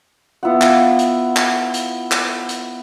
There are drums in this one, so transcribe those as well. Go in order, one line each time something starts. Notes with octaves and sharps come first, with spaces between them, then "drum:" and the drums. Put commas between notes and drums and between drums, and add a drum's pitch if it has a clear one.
B3 E4 F4 F#5
drum: clap
drum: hi-hat
drum: clap
drum: hi-hat
drum: clap
drum: hi-hat